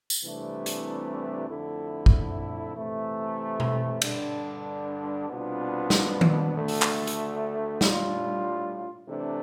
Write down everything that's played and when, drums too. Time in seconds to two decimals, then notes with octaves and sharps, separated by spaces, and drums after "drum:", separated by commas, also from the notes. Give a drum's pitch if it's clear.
0.10 drum: tambourine
0.22 C2 C3 E3 A3 D4
0.66 drum: hi-hat
1.49 F2 D3 A3 E4
2.06 drum: kick
2.76 C3 E3 A3
3.60 drum: tom B2
4.02 G2 D3 G3 D4, drum: cymbal
5.28 C2 B2 B3 D4 F4
5.90 drum: snare
6.21 drum: tom D#3
6.55 D2 D3 A3
6.68 drum: open hi-hat
6.82 drum: clap
7.07 drum: hi-hat
7.81 A2 G3 D4 F4, drum: snare
9.07 C3 E3 A3 D4